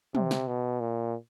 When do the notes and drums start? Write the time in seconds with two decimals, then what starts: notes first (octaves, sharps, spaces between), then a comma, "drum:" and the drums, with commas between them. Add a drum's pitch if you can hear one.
0.15 C3, drum: tom
0.31 drum: snare
0.47 B2
0.80 A#2